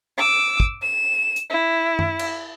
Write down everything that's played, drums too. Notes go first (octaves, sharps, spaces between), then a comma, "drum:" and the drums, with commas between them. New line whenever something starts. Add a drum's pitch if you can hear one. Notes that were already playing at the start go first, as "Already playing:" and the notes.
D6 E6
drum: kick
E7
drum: hi-hat
E4
drum: tom F#2
drum: cymbal